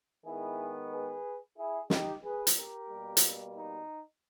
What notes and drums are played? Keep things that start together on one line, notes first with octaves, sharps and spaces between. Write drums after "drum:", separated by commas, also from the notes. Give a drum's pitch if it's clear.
D#3 G#3 B3 E4 G#4
G#4 B4
E4 G#4
D#4 G4, drum: snare
G#4 B4
drum: hi-hat
G4 A#4
B2 G3 A#3
drum: hi-hat
D#4